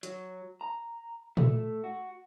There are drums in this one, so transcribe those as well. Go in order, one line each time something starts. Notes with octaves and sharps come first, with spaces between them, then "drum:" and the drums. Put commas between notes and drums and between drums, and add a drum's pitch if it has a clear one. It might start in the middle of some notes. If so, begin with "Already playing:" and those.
F#3, drum: hi-hat
A#5
A3, drum: tom A#2
F#4